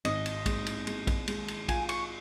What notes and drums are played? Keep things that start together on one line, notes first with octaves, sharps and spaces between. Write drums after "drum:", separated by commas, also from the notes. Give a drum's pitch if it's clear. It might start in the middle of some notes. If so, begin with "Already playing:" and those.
G#1 D#5, drum: cymbal
drum: cymbal
G#3, drum: kick, cymbal
drum: cymbal
G#3, drum: cymbal
drum: kick, cymbal
G#3, drum: cymbal
drum: cymbal
F4 G#5, drum: kick, cymbal
C#6, drum: cymbal